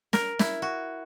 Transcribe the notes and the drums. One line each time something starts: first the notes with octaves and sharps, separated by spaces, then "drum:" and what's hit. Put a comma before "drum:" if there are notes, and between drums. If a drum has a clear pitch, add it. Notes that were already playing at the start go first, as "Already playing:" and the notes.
A#4, drum: snare
E4, drum: snare
F#4